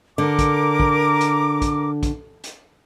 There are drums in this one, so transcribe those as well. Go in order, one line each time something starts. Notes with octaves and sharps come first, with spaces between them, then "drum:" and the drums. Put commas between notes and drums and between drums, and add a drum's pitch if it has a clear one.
D3 A#4 D6
drum: kick, hi-hat
drum: kick
drum: hi-hat
drum: kick, hi-hat
drum: kick, hi-hat
drum: hi-hat